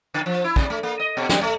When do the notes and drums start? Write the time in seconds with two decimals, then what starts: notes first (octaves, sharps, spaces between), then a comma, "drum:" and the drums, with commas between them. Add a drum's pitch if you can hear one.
0.14 D3
0.26 F3
0.44 E4
0.56 C3, drum: kick
0.70 A3
0.83 A#3
1.00 D#5
1.17 B2
1.29 G3, drum: snare
1.42 A3